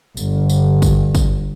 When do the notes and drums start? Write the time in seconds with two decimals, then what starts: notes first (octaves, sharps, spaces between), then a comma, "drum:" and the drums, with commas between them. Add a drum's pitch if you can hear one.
0.17 G1, drum: tambourine
0.50 drum: tambourine
0.82 drum: kick, tambourine
1.15 drum: kick, tambourine